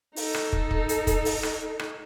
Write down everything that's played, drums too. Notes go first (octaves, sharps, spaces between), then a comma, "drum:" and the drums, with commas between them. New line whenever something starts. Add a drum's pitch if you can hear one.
D#4 A4, drum: open hi-hat
drum: rim click
drum: kick
drum: kick
drum: hi-hat
drum: kick, hi-hat
drum: open hi-hat
drum: rim click
drum: rim click